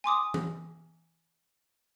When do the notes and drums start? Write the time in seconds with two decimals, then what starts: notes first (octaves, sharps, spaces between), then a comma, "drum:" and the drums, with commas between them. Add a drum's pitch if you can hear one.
0.04 G#5 C6 D6 D#6
0.34 drum: tom E3